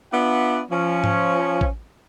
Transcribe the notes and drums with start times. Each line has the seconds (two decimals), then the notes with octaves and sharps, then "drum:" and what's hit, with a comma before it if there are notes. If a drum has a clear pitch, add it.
0.13 B3 D4 F4 D5 E5 F#5
0.71 F3 C#4
1.04 drum: tom G#2
1.61 drum: kick A1